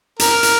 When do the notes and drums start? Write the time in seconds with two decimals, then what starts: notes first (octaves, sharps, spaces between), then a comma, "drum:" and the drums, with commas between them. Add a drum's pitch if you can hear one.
0.19 A#4, drum: hi-hat
0.43 drum: hi-hat